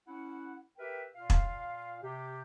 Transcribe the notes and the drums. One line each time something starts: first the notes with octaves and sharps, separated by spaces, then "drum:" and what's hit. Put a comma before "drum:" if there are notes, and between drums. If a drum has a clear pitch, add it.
C#4 E4 F#5
G4 A#4 B4 E5 G5
A#2 F4 F5
drum: kick E1
C3 G4